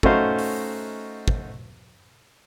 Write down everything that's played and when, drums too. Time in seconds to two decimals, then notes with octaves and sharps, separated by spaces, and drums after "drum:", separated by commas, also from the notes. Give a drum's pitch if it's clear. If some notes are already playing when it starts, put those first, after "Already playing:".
0.03 A3 C#4 D#4 F#4 C5 F5, drum: kick
0.39 drum: open hi-hat
1.28 drum: kick